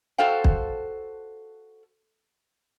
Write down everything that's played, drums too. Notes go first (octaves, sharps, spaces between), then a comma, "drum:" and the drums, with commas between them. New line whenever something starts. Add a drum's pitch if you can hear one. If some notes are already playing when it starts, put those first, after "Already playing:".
F#4 A4 C5 F5 G5
drum: kick